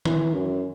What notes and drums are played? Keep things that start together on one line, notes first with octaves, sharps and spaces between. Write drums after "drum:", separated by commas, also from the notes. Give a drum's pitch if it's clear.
E3, drum: tom D#3
F#2